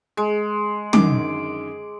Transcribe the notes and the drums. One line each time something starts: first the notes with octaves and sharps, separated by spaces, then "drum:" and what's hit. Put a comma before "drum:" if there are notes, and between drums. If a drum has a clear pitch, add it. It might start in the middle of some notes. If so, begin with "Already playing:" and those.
G#3
F#2 D3 D#3 D6, drum: tom